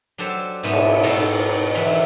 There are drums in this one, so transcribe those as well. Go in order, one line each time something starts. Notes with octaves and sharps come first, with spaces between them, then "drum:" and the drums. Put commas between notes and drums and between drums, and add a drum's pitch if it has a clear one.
F#3 D4 G4 A4 C5
G#2 B2 A3 B3 C#4 C5
drum: cymbal
G#2 B2 G#4 A4 A5 A#5
D3 E3 F5 B5 C6